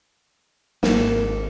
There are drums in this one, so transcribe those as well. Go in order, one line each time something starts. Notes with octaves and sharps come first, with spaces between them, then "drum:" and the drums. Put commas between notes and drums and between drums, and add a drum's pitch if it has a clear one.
G#1 A#3 A4, drum: snare